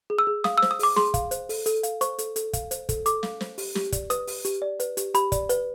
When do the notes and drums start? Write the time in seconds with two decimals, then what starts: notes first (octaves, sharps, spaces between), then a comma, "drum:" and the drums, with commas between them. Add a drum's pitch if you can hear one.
0.10 G#4
0.19 E6
0.27 G#4
0.44 F5 D#6, drum: snare
0.58 E6
0.62 C5, drum: snare
0.71 D#6
0.79 G#4 D6, drum: open hi-hat
0.96 G#4 C6, drum: snare
1.14 F5, drum: kick, hi-hat
1.31 C5, drum: hi-hat
1.49 A4, drum: open hi-hat
1.66 A4, drum: hi-hat
1.83 F5, drum: hi-hat
2.01 C5 C#6, drum: hi-hat
2.18 A4, drum: hi-hat
2.36 A4, drum: hi-hat
2.53 F5, drum: kick, hi-hat
2.71 C5, drum: hi-hat
2.89 A4, drum: kick, hi-hat
3.06 A4 D6, drum: hi-hat
3.23 F5, drum: snare
3.41 C5, drum: snare
3.58 G4, drum: open hi-hat
3.75 G4, drum: snare
3.92 D5, drum: kick, hi-hat
4.10 B4 D#6, drum: hi-hat
4.27 G4, drum: open hi-hat
4.45 G4, drum: hi-hat
4.62 D5
4.80 B4, drum: hi-hat
4.97 G4, drum: hi-hat
5.14 G4 B5, drum: hi-hat
5.32 D5, drum: kick, hi-hat
5.49 B4, drum: hi-hat